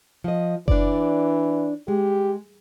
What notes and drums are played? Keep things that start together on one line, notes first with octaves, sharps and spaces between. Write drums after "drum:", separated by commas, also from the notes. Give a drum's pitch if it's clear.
F3 D#5
E3 D4 D5, drum: kick F#1
G#3 G4